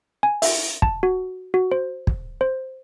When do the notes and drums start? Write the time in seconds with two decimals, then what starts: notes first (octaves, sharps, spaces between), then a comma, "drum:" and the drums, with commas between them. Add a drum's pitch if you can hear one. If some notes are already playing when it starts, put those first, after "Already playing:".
0.23 G#5
0.42 E5, drum: open hi-hat
0.82 A5, drum: kick
1.03 F#4
1.54 F#4
1.72 C5
2.07 drum: kick
2.41 C5